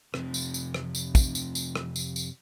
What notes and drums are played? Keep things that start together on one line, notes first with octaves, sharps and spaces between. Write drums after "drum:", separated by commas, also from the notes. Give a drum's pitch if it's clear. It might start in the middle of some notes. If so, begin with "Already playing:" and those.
F2 C3, drum: rim click
drum: tambourine
drum: tambourine
drum: rim click
drum: tambourine
drum: kick, tambourine
drum: tambourine
drum: tambourine
drum: rim click
drum: tambourine
drum: tambourine